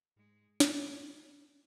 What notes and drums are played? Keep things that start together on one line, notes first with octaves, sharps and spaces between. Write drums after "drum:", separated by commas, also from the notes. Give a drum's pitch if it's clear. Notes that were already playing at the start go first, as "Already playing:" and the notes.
G#2 G#3
G#2, drum: snare
G2
G2